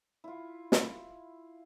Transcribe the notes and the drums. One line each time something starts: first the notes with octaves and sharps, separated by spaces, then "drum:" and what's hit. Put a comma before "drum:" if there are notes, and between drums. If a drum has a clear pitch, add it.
E4 F4
drum: snare